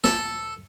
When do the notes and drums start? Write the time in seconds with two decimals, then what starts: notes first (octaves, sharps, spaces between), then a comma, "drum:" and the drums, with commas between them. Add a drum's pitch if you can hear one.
0.04 A4, drum: snare